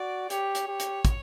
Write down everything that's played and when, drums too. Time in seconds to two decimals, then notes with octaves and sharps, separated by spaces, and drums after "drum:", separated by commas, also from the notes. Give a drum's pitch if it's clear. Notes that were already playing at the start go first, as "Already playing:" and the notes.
Already playing: F#4 D5
0.30 G4 C#5, drum: hi-hat
0.55 drum: hi-hat
0.68 G4
0.80 drum: hi-hat
1.05 drum: kick, hi-hat